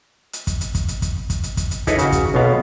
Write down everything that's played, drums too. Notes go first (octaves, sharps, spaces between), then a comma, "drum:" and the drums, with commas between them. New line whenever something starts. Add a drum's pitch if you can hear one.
drum: hi-hat
drum: kick, hi-hat
drum: hi-hat
drum: kick, hi-hat
drum: hi-hat
drum: kick, hi-hat
drum: kick, hi-hat
drum: hi-hat
drum: kick, hi-hat
drum: hi-hat
D#4 E4 G#4 A4 B4 C#5, drum: kick, hi-hat
C#3 F#4, drum: hi-hat
drum: kick, hi-hat
B1 B2 B3 F5